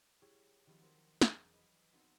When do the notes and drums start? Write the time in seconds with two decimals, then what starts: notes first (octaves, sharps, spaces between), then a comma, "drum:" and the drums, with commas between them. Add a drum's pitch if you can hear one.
0.22 G3 E4 G4 G#4 C#5
0.67 D#3 F3 G3 B3 C4
0.80 F#3 A#4 C5 A#5
1.21 E1, drum: snare
1.53 B4 D#5
1.93 F#3 B3 C4 D#4